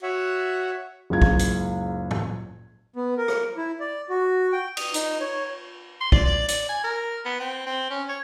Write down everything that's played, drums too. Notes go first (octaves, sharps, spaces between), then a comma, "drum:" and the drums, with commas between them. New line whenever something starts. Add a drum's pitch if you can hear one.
F#4 C#5 E5 F#5
F#1 C#2 G#6
drum: kick
drum: hi-hat
drum: tom G#2
B3
A#4
drum: rim click
E4
D5
F#4
G5
D#6, drum: cymbal
D#4, drum: hi-hat
C#5
C6
D5, drum: kick
D5
D5, drum: hi-hat
G#5
A#4
B3
C4
C4
C#4
C#5